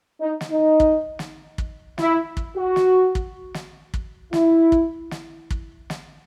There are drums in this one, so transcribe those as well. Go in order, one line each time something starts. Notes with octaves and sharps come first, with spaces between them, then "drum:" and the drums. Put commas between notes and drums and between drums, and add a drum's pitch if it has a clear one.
D#4
drum: snare
D#4
drum: kick
drum: snare
drum: kick
E4, drum: snare
drum: kick
F#4
drum: snare
drum: kick
drum: snare
drum: kick
E4, drum: snare
drum: kick
drum: snare
drum: kick
drum: snare